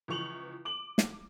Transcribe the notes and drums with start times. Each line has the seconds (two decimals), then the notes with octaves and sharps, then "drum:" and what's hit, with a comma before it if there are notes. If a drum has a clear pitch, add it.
0.08 C#2 E3 F3 C#6 F7 F#7
0.65 D6 F#7
0.98 drum: snare